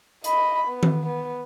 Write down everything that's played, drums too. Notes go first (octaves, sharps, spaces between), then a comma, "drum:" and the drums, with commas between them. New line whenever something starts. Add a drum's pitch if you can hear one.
D#5 B5, drum: hi-hat
B3
drum: tom D#3
B3